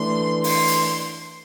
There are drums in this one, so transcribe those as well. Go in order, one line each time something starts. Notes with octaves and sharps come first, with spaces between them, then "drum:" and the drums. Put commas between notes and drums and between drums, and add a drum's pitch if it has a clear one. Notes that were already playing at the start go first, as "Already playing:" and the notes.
Already playing: E3 A3 D4 C6
C6, drum: open hi-hat
drum: hi-hat